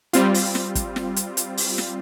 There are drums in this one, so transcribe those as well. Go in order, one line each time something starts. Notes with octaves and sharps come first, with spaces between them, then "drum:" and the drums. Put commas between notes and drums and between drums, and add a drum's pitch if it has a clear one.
G3 C4 F4, drum: hi-hat
drum: open hi-hat
drum: snare
drum: kick, hi-hat
drum: snare
drum: hi-hat
drum: hi-hat
drum: open hi-hat
drum: snare